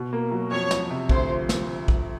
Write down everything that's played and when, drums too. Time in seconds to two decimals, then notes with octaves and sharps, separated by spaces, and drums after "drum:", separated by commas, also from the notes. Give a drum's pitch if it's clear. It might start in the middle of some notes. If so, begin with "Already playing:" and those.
Already playing: B2
0.13 A#3
0.31 F#3
0.51 F2 C#5
0.71 F3, drum: snare
0.90 C3
1.09 D2 C5, drum: kick
1.29 F3
1.49 drum: snare
1.88 drum: kick